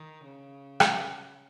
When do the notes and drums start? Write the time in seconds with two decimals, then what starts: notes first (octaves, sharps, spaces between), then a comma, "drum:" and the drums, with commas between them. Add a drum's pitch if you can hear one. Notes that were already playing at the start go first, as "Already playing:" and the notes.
Already playing: D#3
0.24 C#3
0.80 drum: rim click